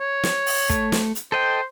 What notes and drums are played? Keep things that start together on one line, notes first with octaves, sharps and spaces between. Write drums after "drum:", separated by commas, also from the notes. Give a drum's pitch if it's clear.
C#5
drum: snare
drum: open hi-hat
A3, drum: kick, hi-hat
drum: snare
drum: hi-hat
A4 C5 D#5 G5